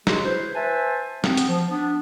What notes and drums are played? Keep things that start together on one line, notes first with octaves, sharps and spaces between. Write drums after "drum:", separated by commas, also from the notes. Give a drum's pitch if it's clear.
F#3 G#3 F#4 G#4, drum: snare
E4 B4 C5
B4 C5 E5 G#5 A5
B3 C4, drum: snare
drum: hi-hat
F3
B3 D4